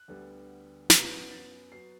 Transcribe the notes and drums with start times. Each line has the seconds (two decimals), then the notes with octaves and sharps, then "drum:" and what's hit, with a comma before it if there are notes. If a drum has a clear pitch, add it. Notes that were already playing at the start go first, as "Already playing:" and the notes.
Already playing: F#6
0.08 D2 D3 G3 B3
0.90 F#2 F#3 B3 G6, drum: snare
1.31 A6
1.72 F#3 B3 C7